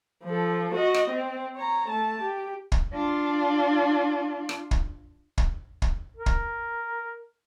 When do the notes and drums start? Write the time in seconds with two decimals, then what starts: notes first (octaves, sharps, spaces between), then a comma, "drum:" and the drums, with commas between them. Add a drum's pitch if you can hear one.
0.24 F3 A4
0.75 F#4 D#5
0.94 drum: rim click
1.10 C4
1.56 C#5 A#5
1.89 A3 A5
2.21 G4
2.72 drum: kick
2.94 D4 F4
4.49 drum: rim click
4.71 drum: kick
5.38 drum: kick
5.82 drum: kick
6.17 A#4
6.26 drum: kick